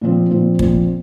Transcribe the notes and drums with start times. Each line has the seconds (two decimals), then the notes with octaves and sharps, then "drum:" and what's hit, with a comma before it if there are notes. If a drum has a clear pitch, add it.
0.01 A#2 F3 C4
0.31 A#2 F3 C4
0.59 A#2 F3 C4, drum: kick